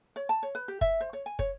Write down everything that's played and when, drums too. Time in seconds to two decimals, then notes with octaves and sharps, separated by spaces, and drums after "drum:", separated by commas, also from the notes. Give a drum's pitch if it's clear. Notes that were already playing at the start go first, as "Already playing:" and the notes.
0.16 C#5
0.29 A5
0.43 C#5
0.55 B4
0.68 G4
0.81 E5, drum: kick
1.01 C5
1.13 C#5
1.26 G#5
1.39 C#5, drum: kick